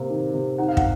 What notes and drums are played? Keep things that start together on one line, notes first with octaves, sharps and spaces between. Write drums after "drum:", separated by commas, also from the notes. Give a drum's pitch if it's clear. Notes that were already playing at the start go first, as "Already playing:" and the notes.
Already playing: C3 A#3
D#3
C3
D#4 F#5
F5
F#5, drum: kick